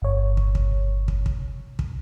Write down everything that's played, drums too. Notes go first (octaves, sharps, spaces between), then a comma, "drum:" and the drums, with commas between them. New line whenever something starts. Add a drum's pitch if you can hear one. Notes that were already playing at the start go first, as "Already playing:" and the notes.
G1 C#5
drum: kick
drum: kick
drum: kick
drum: kick
drum: kick